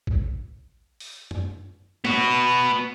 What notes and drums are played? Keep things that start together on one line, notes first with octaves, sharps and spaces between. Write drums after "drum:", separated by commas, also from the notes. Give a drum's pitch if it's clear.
drum: kick A1
drum: open hi-hat
drum: tom
B3 F#4, drum: snare